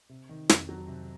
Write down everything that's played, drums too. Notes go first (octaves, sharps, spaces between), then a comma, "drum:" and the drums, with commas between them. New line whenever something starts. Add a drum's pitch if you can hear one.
C3
D#3
F2, drum: snare
F#3
C3